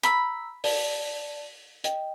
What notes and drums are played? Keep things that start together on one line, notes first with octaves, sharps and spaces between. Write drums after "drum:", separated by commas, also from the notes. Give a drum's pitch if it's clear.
A#5 B5 E6, drum: hi-hat
D5 A5, drum: open hi-hat
D#5 G5, drum: hi-hat